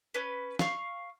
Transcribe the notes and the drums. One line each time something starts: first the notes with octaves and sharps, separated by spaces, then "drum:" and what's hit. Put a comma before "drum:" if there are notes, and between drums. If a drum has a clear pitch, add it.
C#4 B4
F5 C#6 F6, drum: snare